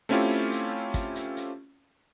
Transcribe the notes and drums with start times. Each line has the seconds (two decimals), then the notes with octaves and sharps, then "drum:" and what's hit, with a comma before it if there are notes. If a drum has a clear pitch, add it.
0.09 A3 C4 C#4 E4 F4 G4, drum: hi-hat
0.52 drum: hi-hat
0.94 drum: kick, hi-hat
1.15 drum: hi-hat
1.36 drum: hi-hat